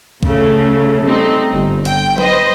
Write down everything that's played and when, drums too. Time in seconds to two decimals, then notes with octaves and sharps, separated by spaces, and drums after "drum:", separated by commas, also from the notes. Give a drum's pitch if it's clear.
0.23 C#3 A3, drum: kick
1.04 G3 A3 C4 D#4
1.54 G1
1.85 G5, drum: hi-hat
2.18 B4 C5 D#5, drum: tom F#3